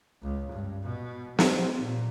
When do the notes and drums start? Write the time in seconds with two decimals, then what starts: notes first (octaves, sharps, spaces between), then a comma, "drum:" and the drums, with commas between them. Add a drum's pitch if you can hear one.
0.22 C#2
0.52 G2
0.83 B2
1.39 C4, drum: snare
1.78 A#2